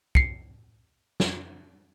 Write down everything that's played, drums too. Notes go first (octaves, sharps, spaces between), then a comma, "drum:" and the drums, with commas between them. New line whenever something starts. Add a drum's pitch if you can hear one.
C7 C#7, drum: kick
drum: snare